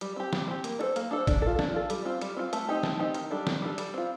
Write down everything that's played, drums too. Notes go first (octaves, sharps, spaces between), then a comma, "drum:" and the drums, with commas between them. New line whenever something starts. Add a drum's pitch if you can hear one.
G3, drum: hi-hat
C4 G4
G3, drum: snare
C4 G4
A#3, drum: hi-hat
D4 A4 C5
A#3, drum: hi-hat
D4 A4 C5
D4, drum: kick G#1, hi-hat
F4 A4
D4, drum: snare
F4 A4
G3, drum: hi-hat
C4 F4
G3, drum: hi-hat
C4 F4
A3, drum: hi-hat
C4 D#4 G4
A3, drum: snare
C4 D#4 G4
D#3, drum: hi-hat
G3 D4 A4
D#3, drum: snare
G3 D4 A4
G3, drum: hi-hat
C4 F4